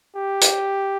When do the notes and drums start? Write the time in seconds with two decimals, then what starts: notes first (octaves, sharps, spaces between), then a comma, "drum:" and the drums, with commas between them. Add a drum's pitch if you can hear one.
0.16 G4
0.41 drum: hi-hat